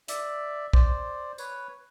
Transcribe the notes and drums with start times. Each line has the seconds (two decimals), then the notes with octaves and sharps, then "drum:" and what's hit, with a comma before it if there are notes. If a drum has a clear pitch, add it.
0.08 D5 E5, drum: hi-hat
0.73 C5 D5, drum: kick
1.38 B4 C#5, drum: tambourine